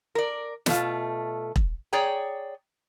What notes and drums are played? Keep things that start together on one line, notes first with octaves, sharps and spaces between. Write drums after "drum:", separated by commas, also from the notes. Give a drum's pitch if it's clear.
A#4 D5
B2 A3 F4, drum: snare
drum: kick E1
G#4 C#5 D5 G5 A#5